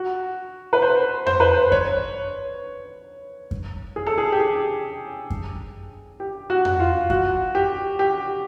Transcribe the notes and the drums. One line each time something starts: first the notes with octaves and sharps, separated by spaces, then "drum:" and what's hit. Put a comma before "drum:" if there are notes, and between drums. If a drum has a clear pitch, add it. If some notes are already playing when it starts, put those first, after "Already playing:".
Already playing: F#4
B4
C5
C5, drum: tom F2
B4
C5
C#5, drum: kick F#2
drum: kick F#2
G#4
A4
G#4
G4
G#4
drum: kick F#2
G4
F#4
drum: tom F2
F4
F#4, drum: kick F#2
G4
G4